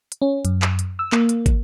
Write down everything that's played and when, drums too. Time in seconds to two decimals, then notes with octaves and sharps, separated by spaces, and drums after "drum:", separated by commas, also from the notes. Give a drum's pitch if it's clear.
0.12 drum: hi-hat
0.22 C#4
0.45 F#2, drum: hi-hat
0.62 drum: clap
0.79 drum: hi-hat
0.99 E6
1.12 A#3, drum: clap
1.29 drum: hi-hat
1.46 drum: kick, hi-hat